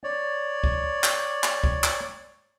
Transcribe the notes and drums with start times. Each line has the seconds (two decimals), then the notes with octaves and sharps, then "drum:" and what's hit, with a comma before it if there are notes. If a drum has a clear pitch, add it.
0.04 C#5 D5
0.64 drum: kick
1.04 drum: clap
1.44 drum: clap
1.64 drum: kick
1.84 drum: clap